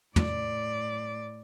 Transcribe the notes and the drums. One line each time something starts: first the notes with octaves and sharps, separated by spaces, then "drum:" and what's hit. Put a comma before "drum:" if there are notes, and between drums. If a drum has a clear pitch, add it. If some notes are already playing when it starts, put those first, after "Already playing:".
A2 D5, drum: tom